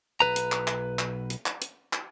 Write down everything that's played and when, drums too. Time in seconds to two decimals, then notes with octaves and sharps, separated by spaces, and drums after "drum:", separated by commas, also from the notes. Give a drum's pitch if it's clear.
0.20 B1 C#3 B4 A#5
0.36 drum: hi-hat
0.52 drum: clap
0.68 drum: clap
0.99 drum: clap
1.30 drum: hi-hat
1.46 drum: clap
1.62 drum: hi-hat
1.93 drum: clap